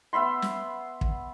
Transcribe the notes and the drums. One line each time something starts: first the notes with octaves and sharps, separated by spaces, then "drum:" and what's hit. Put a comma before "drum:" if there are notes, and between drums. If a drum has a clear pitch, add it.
B3 E5 B5 C6
drum: snare
drum: kick